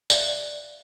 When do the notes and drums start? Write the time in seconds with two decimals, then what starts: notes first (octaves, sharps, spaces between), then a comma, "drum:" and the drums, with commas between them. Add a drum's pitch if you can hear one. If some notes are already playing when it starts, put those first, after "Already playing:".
0.10 D5 E5 F5 F#6, drum: tambourine